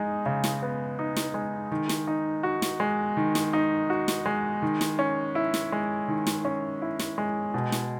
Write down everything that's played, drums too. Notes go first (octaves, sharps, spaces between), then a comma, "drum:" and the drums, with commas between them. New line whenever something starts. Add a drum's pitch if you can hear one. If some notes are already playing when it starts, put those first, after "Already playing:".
Already playing: G#3 D#4
C#3
drum: snare
B3
D#4
drum: snare
G#3
D#3
drum: snare
D#4
F#4
drum: snare
G#3
D#3
drum: snare
D#4
F#4
drum: snare
G#3
D#3
drum: snare
C#4
E4
drum: snare
G#3
D#3
drum: snare
C#4
E4
drum: snare
G#3
B2
drum: snare